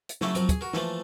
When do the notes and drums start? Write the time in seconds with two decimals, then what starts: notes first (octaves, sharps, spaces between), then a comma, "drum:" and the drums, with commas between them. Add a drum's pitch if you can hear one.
0.09 drum: hi-hat
0.21 C#3 F#3 A3 A#3 E4, drum: snare
0.35 F3 F#3 C4 A#4, drum: hi-hat
0.49 G#4, drum: kick, hi-hat
0.61 F#4 A#4
0.73 E3 F3 A3 A#3, drum: snare